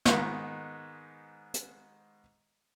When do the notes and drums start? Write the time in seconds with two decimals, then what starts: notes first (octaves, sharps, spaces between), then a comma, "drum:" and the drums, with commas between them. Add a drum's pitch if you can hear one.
0.05 G#2 D#3 B3 C#6 F#6, drum: snare
1.54 drum: hi-hat